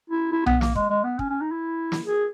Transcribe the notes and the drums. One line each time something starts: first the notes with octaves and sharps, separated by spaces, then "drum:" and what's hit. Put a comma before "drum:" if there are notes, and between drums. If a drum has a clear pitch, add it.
E4
E4
B3, drum: tom B1
A#3, drum: snare
G#3, drum: kick
G#3
B3
C#4, drum: kick
C#4
D#4
E4
drum: snare
G#4